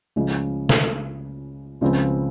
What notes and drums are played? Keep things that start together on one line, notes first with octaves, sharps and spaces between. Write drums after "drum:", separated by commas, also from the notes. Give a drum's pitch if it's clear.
C#2 C#3 F3
drum: snare
C#2 C#3 F3 C4